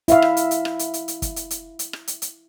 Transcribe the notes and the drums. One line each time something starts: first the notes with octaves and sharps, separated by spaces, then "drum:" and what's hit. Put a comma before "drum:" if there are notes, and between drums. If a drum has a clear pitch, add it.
E4 E5 F5, drum: hi-hat
drum: rim click
drum: hi-hat
drum: hi-hat
drum: rim click
drum: hi-hat
drum: hi-hat
drum: hi-hat
drum: kick, hi-hat
drum: hi-hat
drum: hi-hat
drum: hi-hat
drum: rim click
drum: hi-hat
drum: hi-hat